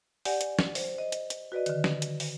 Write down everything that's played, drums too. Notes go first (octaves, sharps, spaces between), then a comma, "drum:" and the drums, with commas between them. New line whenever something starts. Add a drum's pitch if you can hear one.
G4 D5 F#5 G#5, drum: open hi-hat
drum: hi-hat
drum: snare
C5, drum: open hi-hat
D#5
drum: hi-hat
drum: hi-hat
F#4 B4 D5 D#5
D3 D#3, drum: hi-hat
drum: snare
drum: hi-hat
drum: open hi-hat